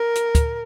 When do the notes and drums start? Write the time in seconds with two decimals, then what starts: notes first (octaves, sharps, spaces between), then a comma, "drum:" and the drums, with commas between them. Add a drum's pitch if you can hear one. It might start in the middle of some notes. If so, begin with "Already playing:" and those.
Already playing: A#4
0.15 drum: hi-hat
0.35 drum: kick, hi-hat